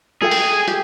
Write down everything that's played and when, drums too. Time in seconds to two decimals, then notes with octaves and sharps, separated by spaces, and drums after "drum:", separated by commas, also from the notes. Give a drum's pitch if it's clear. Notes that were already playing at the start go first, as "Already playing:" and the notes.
0.22 G#4 A4 G5
0.31 drum: open hi-hat
0.68 G4, drum: hi-hat